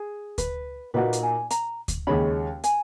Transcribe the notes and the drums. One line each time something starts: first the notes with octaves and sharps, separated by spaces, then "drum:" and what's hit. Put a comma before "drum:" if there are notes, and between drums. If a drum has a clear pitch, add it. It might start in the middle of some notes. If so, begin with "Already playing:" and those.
Already playing: G#4
B4, drum: kick D2, hi-hat
A#2 A#3 D#4 F#4 B4
drum: hi-hat
G#5
A#5, drum: hi-hat
drum: kick D2, hi-hat
D#2 C#3 G#3 C#4 B5
G#5, drum: hi-hat